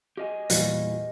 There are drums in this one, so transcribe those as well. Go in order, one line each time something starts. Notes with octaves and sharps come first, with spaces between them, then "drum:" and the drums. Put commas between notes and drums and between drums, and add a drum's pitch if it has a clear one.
G4 D#5 G#5
E2 A#2 E3 G3, drum: hi-hat